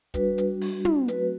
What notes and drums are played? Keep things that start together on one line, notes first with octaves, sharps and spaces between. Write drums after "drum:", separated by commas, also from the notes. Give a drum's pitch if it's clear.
G3 D4 F#4 B4, drum: kick, hi-hat
drum: hi-hat
drum: open hi-hat
drum: tom
F#3 A3 C4 F#4 B4, drum: hi-hat